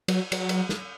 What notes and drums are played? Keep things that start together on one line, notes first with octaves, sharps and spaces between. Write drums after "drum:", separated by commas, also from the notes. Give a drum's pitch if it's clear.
F#3, drum: cymbal
F#3, drum: cymbal
drum: cymbal
drum: snare